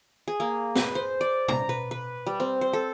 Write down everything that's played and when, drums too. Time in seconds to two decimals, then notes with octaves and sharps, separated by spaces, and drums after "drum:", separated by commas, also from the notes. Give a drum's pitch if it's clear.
0.28 G#4
0.40 A#3
0.75 B4, drum: snare
0.95 C5
1.21 D5
1.48 A#5, drum: tom B2
1.69 B4
1.91 B4
2.26 G3
2.40 C4
2.61 C5
2.73 A4